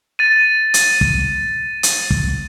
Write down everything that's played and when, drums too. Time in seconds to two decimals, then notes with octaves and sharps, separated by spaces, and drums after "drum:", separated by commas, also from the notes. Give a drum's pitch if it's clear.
0.19 A6 D#7
0.74 drum: hi-hat
1.01 drum: kick
1.83 drum: hi-hat
2.11 drum: kick